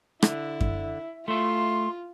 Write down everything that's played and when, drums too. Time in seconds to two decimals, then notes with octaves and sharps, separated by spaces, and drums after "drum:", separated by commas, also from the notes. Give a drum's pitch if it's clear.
0.22 D3 E4, drum: rim click
0.61 drum: kick F#2
1.28 A3 F4 E5 C6